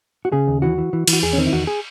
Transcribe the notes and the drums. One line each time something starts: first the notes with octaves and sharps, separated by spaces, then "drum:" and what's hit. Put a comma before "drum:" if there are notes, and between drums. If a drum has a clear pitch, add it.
F#4
C#3 G#4
D#2
E3 F#4
E3
E3
E3, drum: cymbal
F#4
E2 G#4
C#4
D#3 C4
E4
E2 F#4
G#4